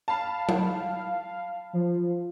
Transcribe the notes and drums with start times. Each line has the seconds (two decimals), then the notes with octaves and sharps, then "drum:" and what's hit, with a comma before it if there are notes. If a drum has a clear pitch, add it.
0.08 F5 A5 B5
0.49 drum: tom F#3
1.73 F3